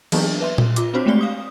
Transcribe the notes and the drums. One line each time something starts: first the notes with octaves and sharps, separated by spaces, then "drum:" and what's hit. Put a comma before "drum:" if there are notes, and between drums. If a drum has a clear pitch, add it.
E3 F#3 A#3 B3 D4 G#4, drum: cymbal
B4 E5 C6
drum: tom A#2
F4 D6, drum: hi-hat
C4 D4 F#4 C5 C#5
G#3 A3 C4 G4 D5 G7
F5 D#6